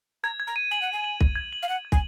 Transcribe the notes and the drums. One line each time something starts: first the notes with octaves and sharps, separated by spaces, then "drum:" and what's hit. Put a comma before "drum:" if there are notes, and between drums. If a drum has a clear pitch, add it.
A#5 G#6
G#6
A#5
D#7
G#5 F#7
F#5
D#7
G#5
F#7
D#7, drum: kick
G#6
F#7
F5
F#5 F#7
G#6
G#5, drum: kick